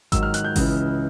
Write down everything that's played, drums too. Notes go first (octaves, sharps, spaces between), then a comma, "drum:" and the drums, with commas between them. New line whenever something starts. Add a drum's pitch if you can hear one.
G#2 D#3 F#3 E6, drum: kick G#1, hi-hat
F6
F#6, drum: hi-hat
G6
C#2 C#3 E3, drum: kick G#1, open hi-hat